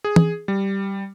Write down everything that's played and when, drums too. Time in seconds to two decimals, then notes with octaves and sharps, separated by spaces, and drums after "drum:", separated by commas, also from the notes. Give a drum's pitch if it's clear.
0.04 G#4
0.16 drum: tom E3
0.48 G3